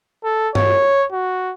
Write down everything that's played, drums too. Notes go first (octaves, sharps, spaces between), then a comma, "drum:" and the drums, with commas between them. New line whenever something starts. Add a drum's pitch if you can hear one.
A4
C#5, drum: tom G2
F#4